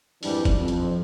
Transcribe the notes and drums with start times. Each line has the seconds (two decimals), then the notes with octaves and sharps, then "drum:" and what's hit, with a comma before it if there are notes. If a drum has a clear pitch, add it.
0.23 F2 G#2 E3 G3 D4, drum: open hi-hat
0.45 drum: kick, hi-hat
0.57 F2
0.68 drum: hi-hat